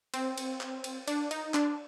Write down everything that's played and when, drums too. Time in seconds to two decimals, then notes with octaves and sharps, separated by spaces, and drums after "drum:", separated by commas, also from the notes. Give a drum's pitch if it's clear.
0.14 C4, drum: cymbal
0.38 drum: cymbal
0.61 drum: clap
0.84 drum: cymbal
1.08 D4, drum: cymbal
1.31 D#4, drum: cymbal
1.54 D4, drum: clap